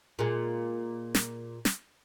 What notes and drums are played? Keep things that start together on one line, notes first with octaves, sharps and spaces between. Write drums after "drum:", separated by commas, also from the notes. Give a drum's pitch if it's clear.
A#2 G#3
drum: snare
drum: snare